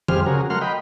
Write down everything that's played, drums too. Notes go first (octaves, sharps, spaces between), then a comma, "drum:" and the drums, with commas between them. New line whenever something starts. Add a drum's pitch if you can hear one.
F2 G3 G4 G#4 C5 F6, drum: tom
C#3 F#4 G#4 A#4
F#3 A3 A#4 F#5 C6 F6
D#5 G5 B5